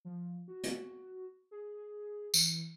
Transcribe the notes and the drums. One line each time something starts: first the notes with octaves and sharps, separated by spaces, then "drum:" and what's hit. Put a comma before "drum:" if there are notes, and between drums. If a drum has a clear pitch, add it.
F3
F#4
drum: hi-hat
G#4
E3, drum: tambourine